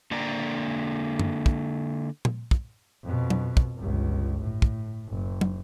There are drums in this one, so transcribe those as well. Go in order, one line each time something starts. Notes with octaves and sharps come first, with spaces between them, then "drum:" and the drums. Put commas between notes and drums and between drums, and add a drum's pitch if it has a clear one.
D3 A#3 D5 G5 A#5
drum: tom F#2
drum: kick
drum: tom
drum: kick
F2 B2
drum: tom
drum: kick
G1 C#2
A2
drum: kick
F#1
drum: tom